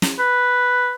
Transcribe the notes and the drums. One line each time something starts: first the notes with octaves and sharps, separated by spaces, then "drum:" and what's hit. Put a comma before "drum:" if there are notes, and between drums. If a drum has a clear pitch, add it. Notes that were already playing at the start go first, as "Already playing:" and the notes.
drum: snare
B4